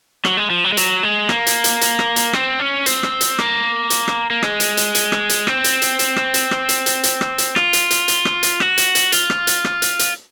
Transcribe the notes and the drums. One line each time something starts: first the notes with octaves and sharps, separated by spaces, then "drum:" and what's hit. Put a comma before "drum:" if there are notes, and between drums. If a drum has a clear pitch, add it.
F#3, drum: rim click
G#3
F3
F#3
G#3
F#3, drum: hi-hat
G#3
A#3, drum: rim click
drum: hi-hat
drum: hi-hat
drum: hi-hat
drum: rim click
drum: hi-hat
C4, drum: rim click
C#4
C4, drum: hi-hat
drum: rim click
drum: hi-hat
A#3, drum: rim click
drum: hi-hat
drum: rim click
A#3
G#3, drum: rim click
drum: hi-hat
drum: hi-hat
drum: hi-hat
drum: rim click
drum: hi-hat
C4, drum: rim click
drum: hi-hat
drum: hi-hat
drum: hi-hat
drum: rim click
drum: hi-hat
drum: rim click
drum: hi-hat
drum: hi-hat
drum: hi-hat
drum: rim click
drum: hi-hat
F4, drum: rim click
drum: hi-hat
drum: hi-hat
drum: hi-hat
drum: rim click
drum: hi-hat
F#4, drum: rim click
drum: hi-hat
drum: hi-hat
F4, drum: hi-hat
drum: rim click
drum: hi-hat
drum: rim click
drum: hi-hat
drum: hi-hat